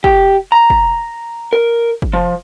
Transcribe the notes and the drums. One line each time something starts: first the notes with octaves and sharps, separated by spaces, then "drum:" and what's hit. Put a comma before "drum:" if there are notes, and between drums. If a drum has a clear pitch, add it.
G4, drum: kick
A#5
drum: kick
A#4
drum: kick
F3